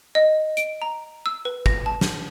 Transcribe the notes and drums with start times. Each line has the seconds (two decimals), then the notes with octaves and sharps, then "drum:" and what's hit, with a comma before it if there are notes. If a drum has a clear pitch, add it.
0.15 D#5
0.57 D7, drum: hi-hat
0.82 A#5
1.26 E6
1.45 B4
1.66 A#6, drum: kick
1.86 A5
2.01 drum: snare